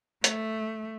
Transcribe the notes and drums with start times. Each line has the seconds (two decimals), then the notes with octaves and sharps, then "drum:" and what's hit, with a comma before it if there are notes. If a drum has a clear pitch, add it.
0.24 A3, drum: hi-hat